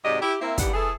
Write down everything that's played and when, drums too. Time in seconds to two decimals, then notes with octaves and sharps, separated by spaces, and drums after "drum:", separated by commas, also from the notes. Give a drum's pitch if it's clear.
0.04 G#2 C3 F#3 G4 D5 D#5
0.21 E4 G4
0.40 A#3 C4 E4
0.58 D#2 E3 B3 D4 G4 F#5, drum: kick, hi-hat
0.73 E3 G#4 A4